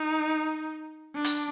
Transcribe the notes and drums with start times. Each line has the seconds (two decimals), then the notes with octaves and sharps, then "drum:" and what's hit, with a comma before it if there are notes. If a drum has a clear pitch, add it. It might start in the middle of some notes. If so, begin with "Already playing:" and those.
Already playing: D#4
1.15 D4
1.24 drum: hi-hat